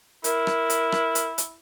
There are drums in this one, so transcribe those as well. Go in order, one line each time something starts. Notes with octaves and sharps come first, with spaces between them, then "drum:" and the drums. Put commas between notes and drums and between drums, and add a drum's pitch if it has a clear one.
E4 A#4, drum: hi-hat
drum: rim click
drum: hi-hat
drum: rim click
drum: hi-hat
drum: hi-hat